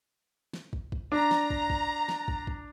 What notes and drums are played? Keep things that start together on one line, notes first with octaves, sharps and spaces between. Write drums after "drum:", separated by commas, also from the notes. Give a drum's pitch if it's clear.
drum: snare
drum: kick
drum: kick
D4 A#5
drum: snare
drum: kick
drum: kick
drum: snare
drum: kick
drum: kick